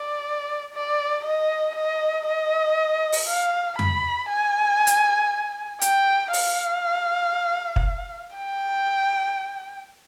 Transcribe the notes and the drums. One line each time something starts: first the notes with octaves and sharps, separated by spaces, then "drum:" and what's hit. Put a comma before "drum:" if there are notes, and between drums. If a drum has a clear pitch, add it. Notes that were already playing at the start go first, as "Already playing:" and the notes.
Already playing: D5
D5
D#5
D#5
D#5
drum: open hi-hat
F5
B5, drum: tom F2
G#5
drum: hi-hat
G5, drum: hi-hat
F5, drum: open hi-hat
drum: kick
G5